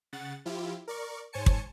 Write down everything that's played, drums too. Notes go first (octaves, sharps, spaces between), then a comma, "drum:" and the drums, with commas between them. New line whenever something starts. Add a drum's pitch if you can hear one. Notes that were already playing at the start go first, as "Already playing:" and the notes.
C#3 F#5 A6
F3 E4 F4 G4
A#4 D5 C#6
G#2 C5 C#5 G#5 A5 C#7
drum: kick